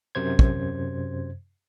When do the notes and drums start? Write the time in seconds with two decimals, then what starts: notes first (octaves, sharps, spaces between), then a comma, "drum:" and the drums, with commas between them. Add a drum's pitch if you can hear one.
0.15 F#2 C3 C5 G#6
0.39 drum: kick